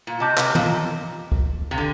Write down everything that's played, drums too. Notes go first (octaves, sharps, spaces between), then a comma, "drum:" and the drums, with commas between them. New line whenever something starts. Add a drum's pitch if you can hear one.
A#2
C3 D#5 A5 D6 G6
C3, drum: clap
A#2, drum: tom
drum: kick
C3
D3